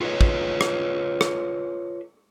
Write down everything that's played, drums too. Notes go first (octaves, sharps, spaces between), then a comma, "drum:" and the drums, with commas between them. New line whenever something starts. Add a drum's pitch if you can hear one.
F4 A4 B4 C#5 D#5
drum: kick
drum: rim click
drum: rim click